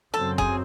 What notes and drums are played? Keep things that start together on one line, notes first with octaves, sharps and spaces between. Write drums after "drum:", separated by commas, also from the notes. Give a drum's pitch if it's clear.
F#2 C#3 F#3 C4 A4
G#4, drum: kick F#1